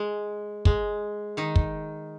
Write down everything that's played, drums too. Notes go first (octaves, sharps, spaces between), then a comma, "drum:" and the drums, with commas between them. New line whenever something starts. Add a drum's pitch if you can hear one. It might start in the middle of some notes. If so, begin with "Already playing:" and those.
Already playing: G#3
G#3, drum: kick
D#3 D#4
drum: kick